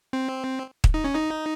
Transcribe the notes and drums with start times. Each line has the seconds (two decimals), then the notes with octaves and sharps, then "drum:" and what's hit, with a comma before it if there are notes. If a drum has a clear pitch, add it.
0.13 C4
0.84 drum: kick
0.94 D#4
1.04 C#4
1.15 D#4